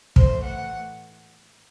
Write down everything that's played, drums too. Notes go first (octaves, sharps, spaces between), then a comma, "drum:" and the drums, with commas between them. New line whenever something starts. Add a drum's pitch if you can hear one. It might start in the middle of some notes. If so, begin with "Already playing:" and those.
A2 E3 A3 C5, drum: kick
F#5